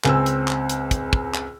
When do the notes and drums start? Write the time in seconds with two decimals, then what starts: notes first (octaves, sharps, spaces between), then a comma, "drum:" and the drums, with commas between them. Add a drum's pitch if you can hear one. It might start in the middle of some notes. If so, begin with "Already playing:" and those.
0.05 C#2 C4 G#5 E6, drum: clap
0.26 drum: hi-hat
0.48 drum: clap
0.69 drum: hi-hat
0.91 drum: kick, hi-hat
1.13 drum: kick
1.34 drum: clap